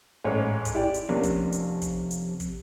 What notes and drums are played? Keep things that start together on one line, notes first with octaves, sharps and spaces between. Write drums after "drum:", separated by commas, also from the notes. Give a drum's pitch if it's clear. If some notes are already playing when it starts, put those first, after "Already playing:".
A1 G#2 C#5
drum: kick, hi-hat
E4 G4 D5
drum: hi-hat
F2 C3 A#3 C#4 D4
drum: kick, hi-hat
drum: hi-hat
drum: kick, hi-hat
drum: hi-hat
drum: kick, hi-hat